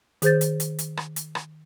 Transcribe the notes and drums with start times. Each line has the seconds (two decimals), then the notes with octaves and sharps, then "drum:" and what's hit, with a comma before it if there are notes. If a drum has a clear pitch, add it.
0.22 D#3 G#4 C5 G6 A6, drum: hi-hat
0.41 drum: hi-hat
0.60 drum: hi-hat
0.79 drum: hi-hat
0.97 drum: rim click
1.16 drum: hi-hat
1.35 drum: rim click